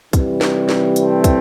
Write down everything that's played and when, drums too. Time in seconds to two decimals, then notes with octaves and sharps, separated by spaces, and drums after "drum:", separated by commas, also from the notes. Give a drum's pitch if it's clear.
0.13 C3 E3 G3, drum: kick, hi-hat
0.41 drum: snare
0.69 drum: snare
0.96 A3 C4, drum: hi-hat
1.24 drum: kick, hi-hat